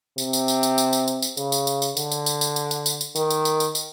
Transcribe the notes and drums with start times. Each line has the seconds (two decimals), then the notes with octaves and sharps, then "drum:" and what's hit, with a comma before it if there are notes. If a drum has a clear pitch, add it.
0.18 C3, drum: tambourine
0.33 drum: tambourine
0.48 drum: tambourine
0.63 drum: tambourine
0.78 drum: tambourine
0.93 drum: tambourine
1.08 drum: tambourine
1.22 drum: tambourine
1.37 C#3, drum: tambourine
1.52 drum: tambourine
1.67 drum: tambourine
1.82 drum: tambourine
1.97 D3, drum: tambourine
2.12 drum: tambourine
2.26 drum: tambourine
2.41 drum: tambourine
2.56 drum: tambourine
2.71 drum: tambourine
2.86 drum: tambourine
3.01 drum: tambourine
3.16 D#3, drum: tambourine
3.30 drum: tambourine
3.45 drum: tambourine
3.60 drum: tambourine
3.75 drum: tambourine